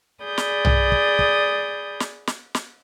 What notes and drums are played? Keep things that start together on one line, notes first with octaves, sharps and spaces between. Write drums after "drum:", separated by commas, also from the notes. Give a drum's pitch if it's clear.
G#4 D5 B5 D#6 G6
drum: snare
drum: tom B1
drum: kick
drum: kick
drum: snare
drum: snare
drum: snare